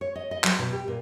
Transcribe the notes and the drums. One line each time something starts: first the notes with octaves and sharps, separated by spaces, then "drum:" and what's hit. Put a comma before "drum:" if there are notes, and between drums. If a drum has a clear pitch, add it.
C#5
D#5
D#5
F#3, drum: clap
B2
G4
A#2